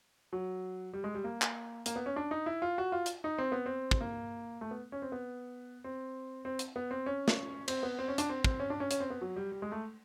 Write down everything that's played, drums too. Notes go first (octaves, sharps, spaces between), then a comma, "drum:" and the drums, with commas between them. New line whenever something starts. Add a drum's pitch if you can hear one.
F#3
G3
G#3
G3
A#3
drum: clap
A#3, drum: hi-hat
B3
C#4
D4
D#4
E4
F4
F#4
F4
drum: hi-hat
D#4
C4
B3
C4
drum: kick
A#3
A3
B3
C#4
C4
B3
C4
C4
drum: hi-hat
B3
C4
C#4
drum: snare
C4, drum: cymbal
B3
C4
C#4
D4, drum: hi-hat
C4
C4, drum: kick
C#4
D4
C#4
C#4, drum: hi-hat
C4
B3
F#3
G3
G3
G#3
A3